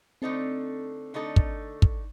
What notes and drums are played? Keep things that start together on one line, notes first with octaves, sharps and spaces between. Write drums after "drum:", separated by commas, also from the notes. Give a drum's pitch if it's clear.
D3 A3 C4 D#4 A4
D3 A3 D#4 A4
drum: kick
drum: kick